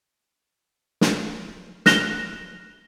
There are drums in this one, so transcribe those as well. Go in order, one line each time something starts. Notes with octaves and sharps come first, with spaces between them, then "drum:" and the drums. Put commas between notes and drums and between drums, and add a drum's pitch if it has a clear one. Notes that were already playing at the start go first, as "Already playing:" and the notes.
drum: snare
F6 F#6 A#6 E7 F7 G7, drum: snare